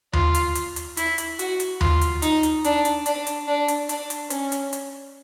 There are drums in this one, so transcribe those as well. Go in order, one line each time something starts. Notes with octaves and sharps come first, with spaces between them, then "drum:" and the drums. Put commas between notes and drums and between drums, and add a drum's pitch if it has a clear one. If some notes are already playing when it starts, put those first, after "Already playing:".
F4, drum: tom D#2
drum: hi-hat
drum: hi-hat
drum: hi-hat
E4, drum: hi-hat
drum: hi-hat
F#4, drum: hi-hat
drum: hi-hat
F4, drum: tom D#2
drum: hi-hat
D#4, drum: hi-hat
drum: hi-hat
D4, drum: hi-hat
drum: hi-hat
D4, drum: hi-hat
drum: hi-hat
D4
drum: hi-hat
D4, drum: hi-hat
drum: hi-hat
C#4, drum: hi-hat
drum: hi-hat
drum: hi-hat